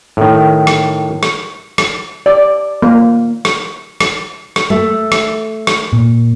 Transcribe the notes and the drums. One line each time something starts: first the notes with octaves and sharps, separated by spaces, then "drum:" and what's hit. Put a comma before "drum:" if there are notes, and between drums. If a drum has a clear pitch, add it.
A2 D#3
drum: rim click
drum: rim click
drum: rim click
D5
A#3
drum: rim click
drum: rim click
drum: rim click
A3
drum: rim click
drum: rim click
A#2